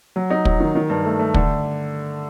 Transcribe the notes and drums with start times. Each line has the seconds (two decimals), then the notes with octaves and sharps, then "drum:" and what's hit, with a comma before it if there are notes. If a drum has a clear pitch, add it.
0.16 F#3
0.30 D#4
0.45 F#3, drum: kick
0.60 D#3
0.75 D#3
0.90 G2
1.05 A3
1.19 A3
1.34 D3, drum: kick